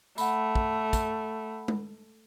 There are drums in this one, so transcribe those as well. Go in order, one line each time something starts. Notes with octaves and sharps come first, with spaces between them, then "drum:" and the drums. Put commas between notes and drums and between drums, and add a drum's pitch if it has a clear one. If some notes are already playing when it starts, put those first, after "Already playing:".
A3 F#5 B5, drum: tambourine
drum: kick
drum: kick, tambourine
drum: tom